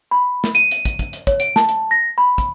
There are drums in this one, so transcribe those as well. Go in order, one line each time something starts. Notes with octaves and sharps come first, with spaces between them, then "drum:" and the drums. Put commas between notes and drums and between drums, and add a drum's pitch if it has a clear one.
B5
drum: snare
D#7, drum: hi-hat
drum: hi-hat
drum: kick, hi-hat
drum: kick, hi-hat
drum: hi-hat
C#5, drum: kick, hi-hat
D7, drum: hi-hat
A5, drum: snare
drum: hi-hat
A#6
B5
drum: kick, hi-hat